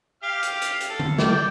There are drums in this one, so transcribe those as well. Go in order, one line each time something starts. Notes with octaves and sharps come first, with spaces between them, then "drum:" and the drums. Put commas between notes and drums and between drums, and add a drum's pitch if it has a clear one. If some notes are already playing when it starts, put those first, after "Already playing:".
G4 F5 F6
drum: hi-hat
drum: hi-hat
drum: hi-hat
A4
drum: tom D3
D5 G5, drum: snare